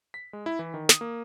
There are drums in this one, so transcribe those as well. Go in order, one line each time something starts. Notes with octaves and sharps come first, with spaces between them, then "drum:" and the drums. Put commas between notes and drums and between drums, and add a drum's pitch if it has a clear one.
B6
G#3
E4
E3
D#3
D#6, drum: snare
A#3